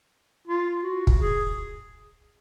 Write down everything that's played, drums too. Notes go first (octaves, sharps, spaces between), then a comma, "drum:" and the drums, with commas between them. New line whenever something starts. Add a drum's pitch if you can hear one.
F4
F#4
drum: kick
G#4